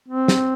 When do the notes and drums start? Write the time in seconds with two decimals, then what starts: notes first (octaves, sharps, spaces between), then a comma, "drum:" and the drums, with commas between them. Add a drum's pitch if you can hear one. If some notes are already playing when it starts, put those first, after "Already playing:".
0.08 C4
0.28 drum: snare